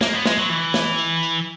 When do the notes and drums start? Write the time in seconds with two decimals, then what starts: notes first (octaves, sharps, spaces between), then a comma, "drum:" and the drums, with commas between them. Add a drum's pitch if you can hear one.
0.01 A#3, drum: snare
0.14 B3
0.26 G#3, drum: snare
0.38 F#3
0.49 E3
0.74 drum: snare
0.98 drum: tambourine
1.23 drum: tambourine